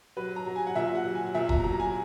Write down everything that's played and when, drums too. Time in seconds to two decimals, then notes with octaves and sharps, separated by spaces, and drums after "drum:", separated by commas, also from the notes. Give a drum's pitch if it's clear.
0.17 F#3 B4
0.36 A#5
0.46 F#3
0.56 G#5
0.67 F#5
0.76 A#2 E5
0.95 F#5
1.05 F#3
1.15 G#5
1.35 A#2 E5
1.49 A#5, drum: kick F1
1.64 F#3 A#5
1.80 G#5